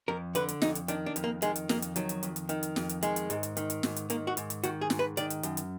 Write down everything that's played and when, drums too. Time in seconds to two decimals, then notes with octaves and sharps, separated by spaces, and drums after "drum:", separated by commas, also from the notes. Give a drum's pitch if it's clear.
0.08 F2 A#4
0.35 D3 B4, drum: hi-hat
0.49 drum: hi-hat
0.62 F2 D#4, drum: snare
0.75 drum: hi-hat
0.88 D#3 D4, drum: hi-hat
1.06 D4
1.16 F2, drum: hi-hat
1.24 A#3
1.42 D#3 G#3, drum: hi-hat
1.56 drum: hi-hat
1.69 F2 A#3, drum: snare
1.82 drum: hi-hat
1.96 D#3 F#3, drum: hi-hat
2.09 drum: hi-hat
2.23 F2, drum: hi-hat
2.36 drum: hi-hat
2.49 D#3, drum: hi-hat
2.63 drum: hi-hat
2.76 F2, drum: snare
2.89 drum: hi-hat
3.03 D#3 G#3, drum: hi-hat
3.16 drum: hi-hat
3.30 G#2, drum: hi-hat
3.43 drum: hi-hat
3.57 D#3, drum: hi-hat
3.70 drum: hi-hat
3.83 G#2, drum: snare
3.96 drum: hi-hat
4.10 D#3 A#3, drum: hi-hat
4.27 F#4
4.37 G#2, drum: hi-hat
4.50 drum: hi-hat
4.63 D#3 F#4, drum: hi-hat
4.81 G#4
4.90 G#2, drum: snare
4.99 B4
5.17 D#3 D5, drum: hi-hat
5.30 drum: hi-hat
5.43 F#2, drum: hi-hat
5.57 drum: hi-hat